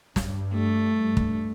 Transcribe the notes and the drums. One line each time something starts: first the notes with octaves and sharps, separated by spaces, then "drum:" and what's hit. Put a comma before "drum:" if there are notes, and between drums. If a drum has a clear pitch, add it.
G2, drum: snare
A3
G2
drum: kick